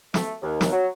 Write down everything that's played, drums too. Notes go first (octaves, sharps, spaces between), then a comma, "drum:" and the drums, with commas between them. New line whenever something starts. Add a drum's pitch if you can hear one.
A3, drum: snare
D#2
drum: snare
F#3